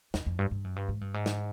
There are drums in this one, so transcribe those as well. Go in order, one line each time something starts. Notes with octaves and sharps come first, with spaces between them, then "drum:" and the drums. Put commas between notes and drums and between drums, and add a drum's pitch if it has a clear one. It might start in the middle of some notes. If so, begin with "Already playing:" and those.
E2, drum: snare
F2
G2
G2
F#2
G2
G#2
G2
G#2
drum: snare